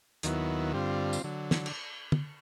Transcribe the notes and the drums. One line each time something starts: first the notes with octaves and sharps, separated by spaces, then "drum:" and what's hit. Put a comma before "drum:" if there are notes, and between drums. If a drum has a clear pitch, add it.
D#2 D#3 F#3 B3 E4, drum: hi-hat
G2 D3 G3 C4 F4
drum: tambourine
D3 F#3
drum: snare
drum: cymbal
drum: tom